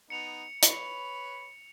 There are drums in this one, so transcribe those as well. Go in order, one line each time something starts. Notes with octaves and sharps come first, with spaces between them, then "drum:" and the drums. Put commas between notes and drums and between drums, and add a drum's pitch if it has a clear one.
B3 D#4 C#7 F7
B4 C#5 B5, drum: hi-hat